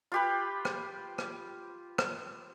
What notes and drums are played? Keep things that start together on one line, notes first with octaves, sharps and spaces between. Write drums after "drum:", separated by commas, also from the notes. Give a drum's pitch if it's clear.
F4 G4 B4
drum: rim click
drum: rim click
drum: rim click